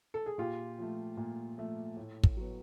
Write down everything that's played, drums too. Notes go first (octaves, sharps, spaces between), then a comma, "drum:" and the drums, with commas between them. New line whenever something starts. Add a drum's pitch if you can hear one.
A4
G#4
A#2 F4 G4
F3 A3
A#2
F3 A3
A2
drum: kick
F#3 B3